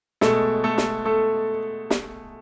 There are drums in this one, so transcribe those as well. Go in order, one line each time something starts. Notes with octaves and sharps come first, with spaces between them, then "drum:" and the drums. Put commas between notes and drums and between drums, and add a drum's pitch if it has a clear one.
B2 G#3 A3 A4, drum: snare
A3 A4
drum: snare
A3 A4
drum: snare